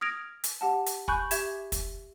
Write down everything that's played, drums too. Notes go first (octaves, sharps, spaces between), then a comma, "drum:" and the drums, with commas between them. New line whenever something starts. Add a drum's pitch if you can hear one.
D#6 F6 G#6 A#6 D7 F7
drum: hi-hat
G4 F#5 A5
drum: hi-hat
G#5 B5 C#6 F#6 G6, drum: kick
G4 E5 G#6 E7, drum: hi-hat
drum: kick, hi-hat